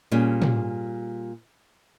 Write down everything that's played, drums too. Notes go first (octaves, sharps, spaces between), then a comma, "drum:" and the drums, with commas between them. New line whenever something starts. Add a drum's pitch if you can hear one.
A#2 G3 C#4 G#4
drum: tom